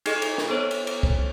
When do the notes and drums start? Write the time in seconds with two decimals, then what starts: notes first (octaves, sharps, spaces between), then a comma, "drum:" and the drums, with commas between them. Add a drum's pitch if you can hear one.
0.06 D#4 G#4 A4 D#5, drum: cymbal
0.22 drum: cymbal
0.38 drum: snare
0.48 B3 A4 C5 C#5
0.71 drum: cymbal
0.87 drum: cymbal
1.03 drum: kick